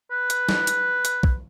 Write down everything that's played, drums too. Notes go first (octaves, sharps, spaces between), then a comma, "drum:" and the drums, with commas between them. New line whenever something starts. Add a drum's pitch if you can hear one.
B4
drum: hi-hat
drum: snare
drum: hi-hat
drum: hi-hat
drum: kick B1